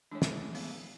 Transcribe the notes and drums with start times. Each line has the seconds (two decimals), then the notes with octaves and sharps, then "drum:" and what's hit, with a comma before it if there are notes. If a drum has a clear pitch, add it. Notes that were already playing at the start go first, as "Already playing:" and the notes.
0.11 E3 G#3 A3 D4 C#5
0.22 drum: snare
0.55 B3, drum: open hi-hat